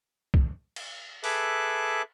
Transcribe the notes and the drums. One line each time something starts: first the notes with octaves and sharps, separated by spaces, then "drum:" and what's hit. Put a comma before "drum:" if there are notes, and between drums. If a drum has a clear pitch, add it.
drum: kick
drum: cymbal
G#4 A4 B4 E5 D6 F#6, drum: open hi-hat